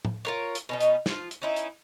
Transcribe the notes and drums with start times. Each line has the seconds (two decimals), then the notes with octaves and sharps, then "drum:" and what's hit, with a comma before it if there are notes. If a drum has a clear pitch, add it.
0.05 drum: tom A2
0.25 F4 A#4 C#5
0.55 drum: hi-hat
0.69 B2 C#4 D#4
0.81 drum: hi-hat
1.06 F3 F4, drum: snare
1.31 drum: hi-hat
1.42 C#4 D#4 E4
1.56 drum: hi-hat